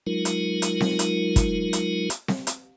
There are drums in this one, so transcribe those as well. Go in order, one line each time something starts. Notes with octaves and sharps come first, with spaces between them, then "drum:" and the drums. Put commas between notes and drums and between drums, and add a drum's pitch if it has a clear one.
F#3 G#3 D#4 F4 A#4
drum: hi-hat
drum: hi-hat
drum: snare C4
drum: hi-hat
drum: kick, hi-hat
drum: hi-hat
drum: hi-hat
drum: snare C4
drum: hi-hat